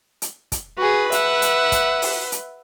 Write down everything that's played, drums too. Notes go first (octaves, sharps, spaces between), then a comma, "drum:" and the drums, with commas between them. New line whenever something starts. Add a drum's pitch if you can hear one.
drum: hi-hat
drum: kick, hi-hat
F#4 G#4 B4
E5 F#5, drum: hi-hat
drum: hi-hat
drum: kick, hi-hat
drum: open hi-hat
drum: hi-hat